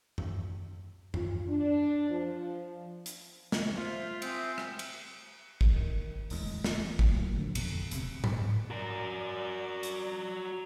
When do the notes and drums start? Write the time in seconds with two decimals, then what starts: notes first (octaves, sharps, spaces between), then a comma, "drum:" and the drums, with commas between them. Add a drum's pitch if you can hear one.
0.18 drum: tom F#2
1.14 F4, drum: tom F#2
1.48 D4
2.09 F3
3.06 drum: hi-hat
3.52 drum: snare
3.75 F4 C5 E5
4.22 C4 E5 G#5 D#6, drum: cymbal
4.58 drum: rim click
4.79 drum: cymbal
5.61 drum: kick
5.76 D#3
6.30 D1 E2 G#3, drum: open hi-hat
6.64 drum: snare
6.99 A2 F#3 A3 A#3, drum: kick
7.37 D3 F3
7.55 F2 B2 D3, drum: cymbal
7.91 D1 C3, drum: hi-hat
8.24 drum: tom G#2
8.70 F#4 A#4 D5
9.83 drum: hi-hat